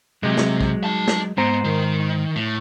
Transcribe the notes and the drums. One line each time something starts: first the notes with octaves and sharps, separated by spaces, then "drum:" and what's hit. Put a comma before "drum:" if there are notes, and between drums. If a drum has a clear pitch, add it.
C3 F#3 G#3
drum: snare
drum: kick
D#4 A5
drum: snare
G#2 B3 C5 A#5
D#3
A2